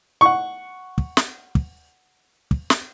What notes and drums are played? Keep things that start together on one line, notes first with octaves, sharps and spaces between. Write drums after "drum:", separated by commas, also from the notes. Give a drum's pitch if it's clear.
F#5 C#6
drum: kick
drum: snare
drum: kick
drum: kick
drum: snare